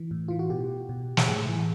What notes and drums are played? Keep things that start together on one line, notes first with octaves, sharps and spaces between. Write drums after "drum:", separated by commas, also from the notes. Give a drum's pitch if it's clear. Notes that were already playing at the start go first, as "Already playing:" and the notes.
Already playing: E3
A2
E3 F4
F#4
B2 G4
B2
drum: snare
A2 G#4
E3